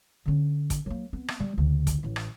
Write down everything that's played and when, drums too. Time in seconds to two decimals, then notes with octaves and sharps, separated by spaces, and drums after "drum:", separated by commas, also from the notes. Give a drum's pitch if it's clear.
0.26 D3 C#4
0.70 drum: kick, hi-hat
0.86 F#3 A#3
1.13 B3 C4
1.28 drum: rim click
1.40 G3
1.58 D2 C#3
1.87 drum: kick, hi-hat
2.03 A1 E3
2.16 drum: rim click